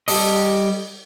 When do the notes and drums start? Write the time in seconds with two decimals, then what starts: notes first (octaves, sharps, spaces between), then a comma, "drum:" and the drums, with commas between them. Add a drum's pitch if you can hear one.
0.08 G3 G4 A4 D#5, drum: open hi-hat